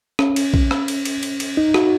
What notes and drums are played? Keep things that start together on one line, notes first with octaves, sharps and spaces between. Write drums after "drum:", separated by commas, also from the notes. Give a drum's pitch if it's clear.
C#4, drum: rim click
drum: cymbal
drum: kick A#1
drum: rim click
drum: cymbal
drum: cymbal
drum: cymbal
drum: cymbal
D#4
F#4, drum: rim click